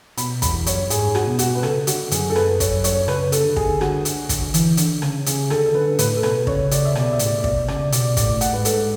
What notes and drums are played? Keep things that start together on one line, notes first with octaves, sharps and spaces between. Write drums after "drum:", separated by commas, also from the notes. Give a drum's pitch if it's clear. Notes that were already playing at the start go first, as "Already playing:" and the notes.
B2 B5, drum: hi-hat
E2 B5, drum: kick, hi-hat
F#2 C#5, drum: hi-hat
G#2 G#4, drum: hi-hat
F#4, drum: rim click
B2
F#4, drum: hi-hat
B4
C#3 A4, drum: rim click
D3 F#4, drum: hi-hat
F#2 G#4, drum: hi-hat
A4
B4, drum: rim click
C#5, drum: kick, hi-hat
C#5, drum: hi-hat
C#3 B4, drum: rim click
A4, drum: hi-hat
D3
G#4, drum: kick
F#4, drum: rim click
drum: hi-hat
drum: kick, hi-hat
E3, drum: hi-hat
D3, drum: hi-hat
C#3, drum: rim click
C#3 G#4, drum: hi-hat
D3 A4, drum: rim click
A4
D3 B4
A2 B4, drum: hi-hat
A4
B2 B4, drum: rim click
C#3 C#5, drum: kick
C#3 D5, drum: hi-hat
E5
B2 D5, drum: rim click
E5
A2, drum: hi-hat
D5
B2 D5, drum: kick
C#3 D5, drum: rim click
B2 D5, drum: hi-hat
A2 D5, drum: kick, hi-hat
F#5, drum: hi-hat
G#2 B4
A4, drum: hi-hat